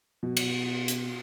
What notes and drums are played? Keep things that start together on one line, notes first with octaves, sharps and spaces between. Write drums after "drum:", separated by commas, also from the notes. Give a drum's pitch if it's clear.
B2
drum: cymbal
drum: hi-hat